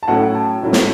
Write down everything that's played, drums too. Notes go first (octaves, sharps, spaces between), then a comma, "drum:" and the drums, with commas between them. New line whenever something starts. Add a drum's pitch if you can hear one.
A5
A2 F#3 A3 C#4 E4 F#5
A5
A2 F#3 A3 C#4 E4
drum: snare